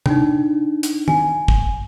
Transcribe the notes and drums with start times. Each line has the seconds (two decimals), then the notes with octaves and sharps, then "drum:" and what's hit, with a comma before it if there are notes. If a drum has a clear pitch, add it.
0.06 D4 D#4, drum: tom C3
0.83 drum: hi-hat
1.08 G#5, drum: tom
1.48 drum: kick